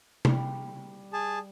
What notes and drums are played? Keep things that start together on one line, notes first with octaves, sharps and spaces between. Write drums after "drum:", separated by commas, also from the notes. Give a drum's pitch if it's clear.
G3, drum: tom C3
G#4 A5